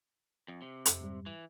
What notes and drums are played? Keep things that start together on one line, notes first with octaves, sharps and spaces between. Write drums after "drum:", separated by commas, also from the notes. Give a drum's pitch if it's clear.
F2
C3
F2, drum: hi-hat
G#2 G3
E3